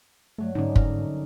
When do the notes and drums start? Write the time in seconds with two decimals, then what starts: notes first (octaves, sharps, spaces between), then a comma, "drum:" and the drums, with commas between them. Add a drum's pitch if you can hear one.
0.38 G2 F#3 A3
0.55 G1 G#2 D3 C4 C#4 D#4
0.76 A#4, drum: kick